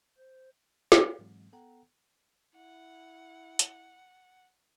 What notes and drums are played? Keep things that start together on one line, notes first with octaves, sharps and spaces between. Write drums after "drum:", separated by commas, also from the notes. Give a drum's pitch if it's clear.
C5
drum: snare
G#2 E3 F#3 G#3 C4
B3 A4 F#5 G5 A#5
E4 F#5
drum: hi-hat